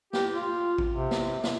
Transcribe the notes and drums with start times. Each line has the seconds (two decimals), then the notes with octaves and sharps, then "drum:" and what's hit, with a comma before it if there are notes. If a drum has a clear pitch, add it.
0.13 G4, drum: snare
0.34 F4
0.78 drum: kick A1
0.93 C3
1.11 drum: snare
1.44 drum: snare